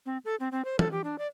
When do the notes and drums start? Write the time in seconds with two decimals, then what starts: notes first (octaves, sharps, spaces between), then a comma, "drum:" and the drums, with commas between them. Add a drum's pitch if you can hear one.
0.06 C4
0.25 A4
0.40 C4
0.52 C4
0.65 C5
0.79 A4, drum: tom
0.92 G4
1.04 D4
1.19 D5